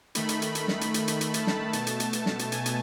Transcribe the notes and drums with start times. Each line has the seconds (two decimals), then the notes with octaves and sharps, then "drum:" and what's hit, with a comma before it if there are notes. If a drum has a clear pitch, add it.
0.15 D#3 A3 B5, drum: hi-hat
0.29 drum: hi-hat
0.42 drum: hi-hat
0.55 drum: hi-hat
0.68 drum: snare
0.81 drum: hi-hat
0.94 B5, drum: hi-hat
1.08 drum: hi-hat
1.21 drum: hi-hat
1.34 A5, drum: hi-hat
1.47 drum: snare
1.73 B2 A3 A5, drum: hi-hat
1.87 drum: hi-hat
2.00 drum: hi-hat
2.13 drum: hi-hat
2.26 drum: snare
2.39 drum: hi-hat
2.52 G#5, drum: hi-hat
2.66 drum: hi-hat